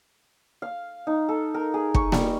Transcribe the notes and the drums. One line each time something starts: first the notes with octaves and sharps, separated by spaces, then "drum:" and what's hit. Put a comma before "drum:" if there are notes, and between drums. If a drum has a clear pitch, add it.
F5
D#4
A4
A#4
G#4
C#6, drum: kick
G3, drum: snare A#3